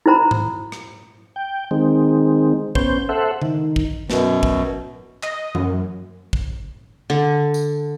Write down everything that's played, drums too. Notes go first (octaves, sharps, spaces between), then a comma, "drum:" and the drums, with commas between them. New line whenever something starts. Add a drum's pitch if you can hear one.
E4 F#4 C5 A#5 B5
drum: tom G#2
drum: rim click
G5
D#3 G#3 C4
B3 C#4 C5 G6, drum: kick
A4 C5 E5 F#5
D#3, drum: tom C#3
drum: kick
F#2 B2, drum: snare
drum: kick
D#5, drum: clap
F#2, drum: tom E3
drum: kick
D3
drum: tambourine